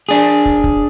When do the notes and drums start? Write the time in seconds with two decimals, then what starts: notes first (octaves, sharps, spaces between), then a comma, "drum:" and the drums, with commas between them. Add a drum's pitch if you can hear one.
0.09 D4 G#4
0.45 drum: kick
0.64 drum: kick